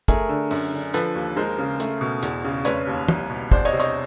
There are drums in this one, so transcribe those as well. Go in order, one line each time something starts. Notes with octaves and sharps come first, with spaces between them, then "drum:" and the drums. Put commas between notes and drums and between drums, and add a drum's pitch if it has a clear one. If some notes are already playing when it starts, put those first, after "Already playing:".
A3 G#4 A#4, drum: kick, hi-hat
D3
F#2, drum: open hi-hat
D3
F3 A4 B4, drum: hi-hat
D#2
G#3 A#4 C5
C#3
A3, drum: hi-hat
B2
E2, drum: hi-hat
C#3
F1 B4 C#5, drum: hi-hat
D#2
C2, drum: tom
B2
E2 C5 D5, drum: kick
C#5 D#5, drum: hi-hat
C3
C#5 D#5, drum: hi-hat